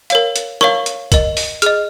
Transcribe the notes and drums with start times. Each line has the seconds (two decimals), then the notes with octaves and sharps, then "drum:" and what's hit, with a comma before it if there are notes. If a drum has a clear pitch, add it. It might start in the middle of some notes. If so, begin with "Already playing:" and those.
0.10 A#4 C#5 F5, drum: hi-hat
0.36 drum: hi-hat
0.61 A#4 C#5 F5 C#6, drum: rim click
0.86 drum: hi-hat
1.12 A#4 D#5, drum: kick, hi-hat
1.37 drum: open hi-hat
1.62 G#4 D#5 F6, drum: hi-hat